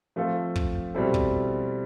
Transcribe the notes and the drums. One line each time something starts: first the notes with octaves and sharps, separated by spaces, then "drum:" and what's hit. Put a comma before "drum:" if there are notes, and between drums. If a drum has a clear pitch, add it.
F3 A3 C4 F4 A4
drum: kick
B2 G3 C4 E4 A4
drum: kick